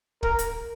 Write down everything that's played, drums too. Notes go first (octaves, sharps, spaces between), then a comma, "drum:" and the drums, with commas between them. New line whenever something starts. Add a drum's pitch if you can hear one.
A#4, drum: kick
drum: hi-hat